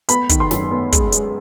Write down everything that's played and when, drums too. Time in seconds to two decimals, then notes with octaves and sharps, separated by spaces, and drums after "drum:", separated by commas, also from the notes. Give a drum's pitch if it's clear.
0.09 B3 B5, drum: hi-hat
0.29 D#3, drum: kick, hi-hat
0.40 C6
0.51 F#2, drum: snare
0.71 B3
0.92 G#3, drum: kick, hi-hat
1.12 G#3, drum: hi-hat